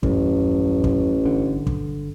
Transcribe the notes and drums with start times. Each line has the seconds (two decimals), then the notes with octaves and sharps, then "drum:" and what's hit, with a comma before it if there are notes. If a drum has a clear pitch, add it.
0.03 D#1 A1 F#2, drum: kick
0.84 drum: kick
1.25 G1 D3 D4
1.67 drum: kick